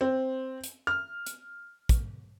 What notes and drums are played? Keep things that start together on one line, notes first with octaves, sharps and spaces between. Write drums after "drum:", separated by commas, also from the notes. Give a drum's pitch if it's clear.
C4
drum: hi-hat
F6
drum: hi-hat
drum: kick, hi-hat